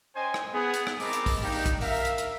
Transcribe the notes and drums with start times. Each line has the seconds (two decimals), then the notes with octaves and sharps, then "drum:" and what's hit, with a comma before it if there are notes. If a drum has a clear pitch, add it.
0.15 C#4 C5 D#5 G5 G#5
0.34 drum: rim click
0.53 B3 G#4
0.74 drum: hi-hat
0.87 drum: rim click
1.00 C4 A#4 D#5 A5 B5 D6, drum: open hi-hat
1.13 drum: hi-hat
1.26 drum: kick, open hi-hat
1.42 A#3 D4 D#4 G4
1.52 drum: open hi-hat
1.66 drum: kick, hi-hat
1.81 A#4 E5 F5, drum: open hi-hat
2.05 drum: hi-hat
2.18 drum: hi-hat